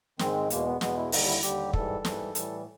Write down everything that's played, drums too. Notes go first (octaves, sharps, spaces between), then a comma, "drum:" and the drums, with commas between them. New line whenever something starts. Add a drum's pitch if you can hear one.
G#2 D#3 G#3 C4, drum: snare
E2 B2 G#3 A#3, drum: hi-hat
B3
E2 B2 G#3 B3, drum: snare
E4
D#2 D3 G3 D#4, drum: open hi-hat
E4
D#2 D3 G3 G4, drum: hi-hat
G#2 E3 G3 A4, drum: kick
G#2 E3 G3, drum: snare
A2 E3 G3, drum: hi-hat